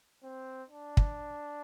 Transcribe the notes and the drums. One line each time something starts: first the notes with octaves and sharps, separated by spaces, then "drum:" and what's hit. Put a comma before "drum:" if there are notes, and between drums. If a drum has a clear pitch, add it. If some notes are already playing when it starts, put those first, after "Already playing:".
C4
D4
drum: kick